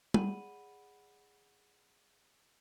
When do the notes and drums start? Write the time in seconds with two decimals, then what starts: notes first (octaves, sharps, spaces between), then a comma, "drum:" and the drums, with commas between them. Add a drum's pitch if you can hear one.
0.14 G#4 D5 F#5 B5 D#7 F#7, drum: tom G3